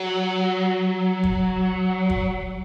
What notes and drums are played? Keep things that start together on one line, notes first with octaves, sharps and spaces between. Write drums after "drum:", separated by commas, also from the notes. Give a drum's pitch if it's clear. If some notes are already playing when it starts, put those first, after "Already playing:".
Already playing: F#3
drum: kick
drum: kick